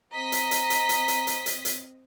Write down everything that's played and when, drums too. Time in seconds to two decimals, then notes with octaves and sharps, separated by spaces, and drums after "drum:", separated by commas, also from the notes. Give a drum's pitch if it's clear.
0.13 C4 D#5 A#5 B6
0.32 drum: hi-hat
0.51 drum: hi-hat
0.70 drum: hi-hat
0.89 drum: hi-hat
1.08 drum: hi-hat
1.27 drum: hi-hat
1.46 drum: hi-hat
1.65 drum: hi-hat